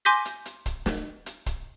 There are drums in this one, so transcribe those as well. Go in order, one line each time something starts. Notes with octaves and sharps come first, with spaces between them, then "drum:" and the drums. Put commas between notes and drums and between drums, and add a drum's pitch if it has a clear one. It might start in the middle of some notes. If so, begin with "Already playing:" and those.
G#5 C6 D6 G6 A#6 B6
drum: hi-hat
drum: hi-hat
drum: kick, hi-hat
drum: snare
drum: hi-hat
drum: kick, hi-hat